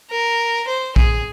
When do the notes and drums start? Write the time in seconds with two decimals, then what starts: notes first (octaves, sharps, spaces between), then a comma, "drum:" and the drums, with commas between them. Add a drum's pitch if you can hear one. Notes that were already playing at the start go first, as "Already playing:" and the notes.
0.11 A#4
0.67 C5
0.96 G#4, drum: kick A#1